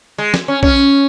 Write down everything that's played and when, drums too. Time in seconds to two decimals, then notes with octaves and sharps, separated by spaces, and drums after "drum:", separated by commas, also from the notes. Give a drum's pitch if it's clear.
0.18 G#3
0.34 drum: snare
0.48 C#4
0.63 C#4, drum: kick A#1